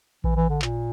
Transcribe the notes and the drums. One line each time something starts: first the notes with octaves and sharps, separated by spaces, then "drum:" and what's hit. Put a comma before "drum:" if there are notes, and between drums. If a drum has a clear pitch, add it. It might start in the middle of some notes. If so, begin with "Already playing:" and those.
E3, drum: kick A#1
E3
D3
A#2, drum: clap